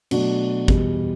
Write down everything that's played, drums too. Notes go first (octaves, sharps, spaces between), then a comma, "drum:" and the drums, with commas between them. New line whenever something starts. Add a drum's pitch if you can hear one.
B2 F#3 A3 D4 F#4, drum: cymbal
E2 B2 G3, drum: kick